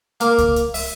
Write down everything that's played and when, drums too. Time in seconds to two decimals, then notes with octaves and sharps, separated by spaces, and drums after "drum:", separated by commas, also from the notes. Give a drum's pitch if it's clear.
0.20 A#3 A#4 D6, drum: hi-hat
0.38 drum: kick C#2, hi-hat
0.56 drum: hi-hat
0.74 E5, drum: open hi-hat